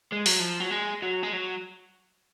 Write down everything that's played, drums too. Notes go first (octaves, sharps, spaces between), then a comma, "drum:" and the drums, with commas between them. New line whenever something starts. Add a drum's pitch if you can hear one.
G#3
F#3, drum: open hi-hat
F3
F#3
G#3
F#3
G#3
F#3